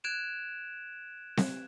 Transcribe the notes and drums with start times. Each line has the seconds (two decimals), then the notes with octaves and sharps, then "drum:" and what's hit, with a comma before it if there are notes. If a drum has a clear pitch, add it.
0.04 F#6 G#6 D7 E7 F7
1.37 drum: snare C4